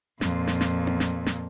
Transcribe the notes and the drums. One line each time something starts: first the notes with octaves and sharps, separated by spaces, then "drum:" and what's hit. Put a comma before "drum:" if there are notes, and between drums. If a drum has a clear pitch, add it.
F2 A#2, drum: snare
drum: snare
drum: snare
drum: tom B3
drum: snare
drum: snare